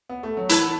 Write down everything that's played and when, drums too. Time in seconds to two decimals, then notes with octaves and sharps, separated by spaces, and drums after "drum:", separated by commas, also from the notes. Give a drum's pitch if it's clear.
0.09 B3
0.23 A3
0.37 F#3
0.49 E3 E4 C#5 F#5 A5, drum: hi-hat